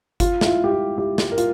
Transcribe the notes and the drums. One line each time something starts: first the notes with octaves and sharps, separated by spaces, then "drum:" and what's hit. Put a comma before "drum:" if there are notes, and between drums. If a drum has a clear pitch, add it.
F4, drum: kick G1, hi-hat
E4, drum: snare
F4
G4
F4
E4 G4
drum: snare
A#4
F4, drum: hi-hat